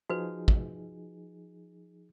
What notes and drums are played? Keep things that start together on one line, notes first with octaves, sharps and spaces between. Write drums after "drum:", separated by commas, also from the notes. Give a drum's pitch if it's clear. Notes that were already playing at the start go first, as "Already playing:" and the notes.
F3 D#4 F#4 G#4 B4
drum: kick